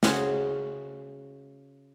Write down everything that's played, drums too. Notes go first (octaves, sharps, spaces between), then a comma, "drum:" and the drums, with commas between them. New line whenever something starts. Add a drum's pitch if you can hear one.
C#3 C#4 F#4 G#4 C5, drum: snare